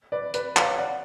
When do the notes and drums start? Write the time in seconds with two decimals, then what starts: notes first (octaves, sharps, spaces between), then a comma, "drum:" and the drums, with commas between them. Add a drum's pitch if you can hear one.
0.12 B4 D5
0.34 B4 D5, drum: hi-hat
0.57 C#5 F5, drum: clap
0.79 D5 F#5